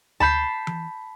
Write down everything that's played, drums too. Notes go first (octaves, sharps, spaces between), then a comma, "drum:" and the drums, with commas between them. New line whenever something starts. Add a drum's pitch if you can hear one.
A5 B5 G6 C7, drum: tom D2
drum: tom E3